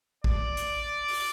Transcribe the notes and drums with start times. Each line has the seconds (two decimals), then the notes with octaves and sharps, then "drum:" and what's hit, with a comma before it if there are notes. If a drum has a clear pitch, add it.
0.24 D5, drum: kick
0.57 drum: hi-hat
1.08 drum: open hi-hat